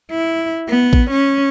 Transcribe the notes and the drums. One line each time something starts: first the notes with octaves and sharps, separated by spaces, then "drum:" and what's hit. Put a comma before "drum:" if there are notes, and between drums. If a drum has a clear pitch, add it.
E4
B3
drum: kick A1
C#4